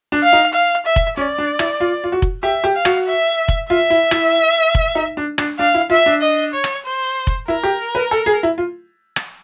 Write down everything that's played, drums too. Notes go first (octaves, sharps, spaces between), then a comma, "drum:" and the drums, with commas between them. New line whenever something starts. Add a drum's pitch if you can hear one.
D4
F5
D#4
F5
E5
drum: kick F1
C#4 D5
D4
E4, drum: rim click
F4
F4
F#4
drum: kick F1
G4 E5
G4
F5
F#4, drum: rim click
E5
drum: kick F1
F4 E5
E4
E4, drum: rim click
drum: kick F1
D#4
D4
D4, drum: rim click
D4 F5
E4
F4 E5
D4
D#5
C#5
drum: rim click
C5
drum: kick F1
E4 A#4
G4
B4
A4
G#4
E4
F4
drum: rim click